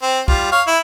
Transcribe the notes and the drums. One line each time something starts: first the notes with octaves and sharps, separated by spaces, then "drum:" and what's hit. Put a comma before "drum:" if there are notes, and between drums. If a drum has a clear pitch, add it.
C4
G3 F4, drum: kick B1
C#5 F5
E4